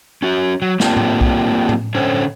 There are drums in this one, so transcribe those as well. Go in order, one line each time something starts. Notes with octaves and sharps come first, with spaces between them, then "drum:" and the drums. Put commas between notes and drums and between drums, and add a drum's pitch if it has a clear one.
C#4 F#4
F#3
A#3 C4 D4 F4 G4 A#4, drum: snare
drum: tom A2
drum: kick B1
drum: tom A2
D3 C#4 A4 C5 C#5